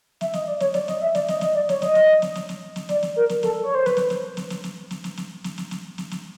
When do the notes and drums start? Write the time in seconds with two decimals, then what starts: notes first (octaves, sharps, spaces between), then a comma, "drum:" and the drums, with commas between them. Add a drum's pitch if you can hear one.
0.21 E5, drum: snare
0.33 D#5, drum: snare
0.47 D5
0.60 C#5, drum: snare
0.74 D5, drum: snare
0.88 D#5, drum: snare
1.01 E5
1.15 D5, drum: snare
1.28 D#5, drum: snare
1.41 D#5, drum: snare
1.55 D5
1.69 C#5, drum: snare
1.82 D#5, drum: snare
1.95 drum: snare
2.22 drum: snare
2.35 drum: snare
2.49 drum: snare
2.76 drum: snare
2.89 D5, drum: snare
3.03 drum: snare
3.16 A#4
3.29 drum: snare
3.43 A4, drum: snare
3.64 C#5
3.75 C5
3.86 B4, drum: snare
3.97 drum: snare
4.10 drum: snare
4.37 drum: snare
4.50 drum: snare
4.64 drum: snare
4.91 drum: snare
5.04 drum: snare
5.17 drum: snare
5.44 drum: snare
5.58 drum: snare
5.71 drum: snare
5.98 drum: snare
6.11 drum: snare